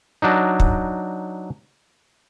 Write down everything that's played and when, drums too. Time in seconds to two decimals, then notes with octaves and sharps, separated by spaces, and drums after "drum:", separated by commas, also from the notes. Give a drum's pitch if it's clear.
0.22 F#3 D4 D#4
0.60 drum: kick